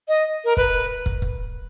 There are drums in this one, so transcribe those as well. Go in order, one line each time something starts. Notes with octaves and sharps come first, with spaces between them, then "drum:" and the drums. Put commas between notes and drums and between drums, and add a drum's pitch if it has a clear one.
D#5
A#4
B4, drum: kick
drum: kick
drum: kick